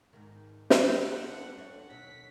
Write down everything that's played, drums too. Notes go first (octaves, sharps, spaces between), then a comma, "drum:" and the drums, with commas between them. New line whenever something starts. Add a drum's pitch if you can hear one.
G#2 B2 D#3
drum: snare
C4 G#4 D#5 F#5
G3 D4 A4 C5
F2 A4 C#5 F#5
D#2 B2 F#3 B6